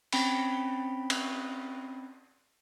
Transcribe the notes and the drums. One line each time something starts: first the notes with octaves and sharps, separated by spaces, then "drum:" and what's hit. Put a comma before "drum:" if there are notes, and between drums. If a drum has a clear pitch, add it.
C4 C#4 G5 B5 D7, drum: cymbal
drum: cymbal